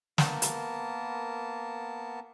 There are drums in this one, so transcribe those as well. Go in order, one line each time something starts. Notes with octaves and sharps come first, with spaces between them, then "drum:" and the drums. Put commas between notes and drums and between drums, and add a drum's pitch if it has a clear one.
A#3 B3 A#4 A5, drum: snare
drum: hi-hat